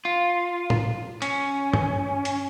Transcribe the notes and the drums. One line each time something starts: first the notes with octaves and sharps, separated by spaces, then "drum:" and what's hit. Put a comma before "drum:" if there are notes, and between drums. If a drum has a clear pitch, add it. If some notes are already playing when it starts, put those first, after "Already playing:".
F4
drum: tom
C#4, drum: hi-hat
drum: tom G2
drum: hi-hat